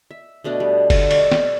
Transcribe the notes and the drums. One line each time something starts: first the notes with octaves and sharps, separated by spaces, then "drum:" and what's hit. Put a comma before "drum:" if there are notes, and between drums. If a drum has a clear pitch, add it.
E5
B2 A3 D4 D#5
G3
D3, drum: kick F#1, cymbal
D5 D#5 F5 C#6, drum: cymbal
drum: snare